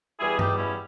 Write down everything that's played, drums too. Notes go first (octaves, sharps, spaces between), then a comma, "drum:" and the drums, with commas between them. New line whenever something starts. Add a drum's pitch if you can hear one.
E2 B2 G3 E4 G#4
D#4 G4, drum: tom G2
C#4 E4